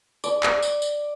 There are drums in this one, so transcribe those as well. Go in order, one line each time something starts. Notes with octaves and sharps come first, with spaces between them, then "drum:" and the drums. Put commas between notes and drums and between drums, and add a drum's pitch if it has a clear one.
D5, drum: tambourine
drum: clap
drum: tambourine
drum: tambourine